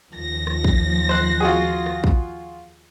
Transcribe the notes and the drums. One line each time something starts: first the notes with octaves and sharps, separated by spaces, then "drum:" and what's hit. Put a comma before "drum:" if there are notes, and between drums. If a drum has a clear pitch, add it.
D#2 F3 A#6
drum: rim click
drum: kick
C5 F#6
F4 F#4 G#4
drum: rim click
drum: kick